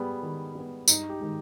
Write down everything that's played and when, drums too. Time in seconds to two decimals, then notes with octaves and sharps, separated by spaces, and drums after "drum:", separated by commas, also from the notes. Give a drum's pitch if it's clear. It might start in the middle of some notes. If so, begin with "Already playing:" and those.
Already playing: G3 B3 G#4
0.23 D#3
0.55 G3 B3
0.88 G2 D#4, drum: tambourine
1.09 G4
1.20 D#3 G#3